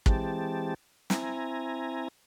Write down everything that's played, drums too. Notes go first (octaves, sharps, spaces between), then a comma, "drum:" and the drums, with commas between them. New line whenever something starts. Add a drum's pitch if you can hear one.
E3 G#3 C4 G4 A5, drum: kick
C4 E4 G#5 A#5, drum: snare